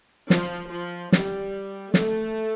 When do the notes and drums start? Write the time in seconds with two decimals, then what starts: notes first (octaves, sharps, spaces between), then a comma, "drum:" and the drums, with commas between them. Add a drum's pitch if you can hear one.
0.30 F3, drum: snare
0.71 F3
1.12 G3, drum: snare
1.94 A3, drum: snare